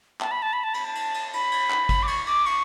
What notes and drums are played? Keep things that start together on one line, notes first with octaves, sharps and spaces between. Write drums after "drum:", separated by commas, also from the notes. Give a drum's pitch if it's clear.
A5, drum: clap
B5
A5
B5
A5
B5, drum: cymbal
A5
drum: cymbal
drum: cymbal
B5, drum: cymbal
drum: cymbal
drum: clap
drum: kick, cymbal
D6
C#6, drum: cymbal
D6, drum: cymbal
C#6, drum: cymbal